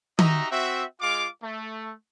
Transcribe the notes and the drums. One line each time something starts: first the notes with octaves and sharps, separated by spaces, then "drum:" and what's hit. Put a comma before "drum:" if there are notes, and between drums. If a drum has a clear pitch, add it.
D#4 F#4 G4 D#5 E5 A#5, drum: tom D#3
C4 F#4 E5
G#3 F4 F5 D6
A3